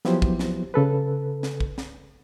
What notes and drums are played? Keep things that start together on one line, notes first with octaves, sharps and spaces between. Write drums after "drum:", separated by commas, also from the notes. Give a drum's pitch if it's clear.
F3 F#3 B3 E4 G4 C5, drum: snare
drum: kick
drum: snare
C#3 A4 B4
drum: snare
drum: kick
drum: snare